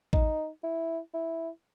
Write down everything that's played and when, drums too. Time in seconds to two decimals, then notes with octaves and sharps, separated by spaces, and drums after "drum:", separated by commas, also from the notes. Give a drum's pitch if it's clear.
0.13 D#4, drum: kick A1
0.63 E4
1.14 E4